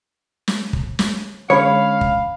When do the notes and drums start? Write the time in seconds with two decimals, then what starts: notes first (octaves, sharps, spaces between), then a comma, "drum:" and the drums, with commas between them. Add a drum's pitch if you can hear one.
0.48 drum: snare
0.73 drum: kick
0.99 drum: snare
1.50 D3 G#3 C#4 C#5 F5 B5
2.01 drum: kick